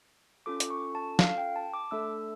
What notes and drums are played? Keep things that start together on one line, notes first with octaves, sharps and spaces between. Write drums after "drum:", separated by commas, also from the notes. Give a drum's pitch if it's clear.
C#4 F4 A4 D6
drum: hi-hat
C#6
A5
F5, drum: snare
G5
A5
D6
A3 D4 A4 E6